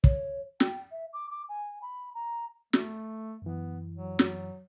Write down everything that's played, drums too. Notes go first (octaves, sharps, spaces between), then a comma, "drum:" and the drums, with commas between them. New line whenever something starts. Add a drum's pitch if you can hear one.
C#5, drum: kick
G5, drum: snare
E5
D6
D6
G#5
B5
A#5
A3, drum: snare
F#2 E3 B3
F#3
drum: snare